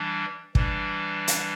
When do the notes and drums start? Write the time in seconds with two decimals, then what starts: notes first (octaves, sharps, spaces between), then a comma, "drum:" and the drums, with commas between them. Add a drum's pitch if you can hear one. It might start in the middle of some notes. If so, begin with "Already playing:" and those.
Already playing: E3 G3 D4
0.55 E3 G3 D4, drum: kick
1.28 drum: hi-hat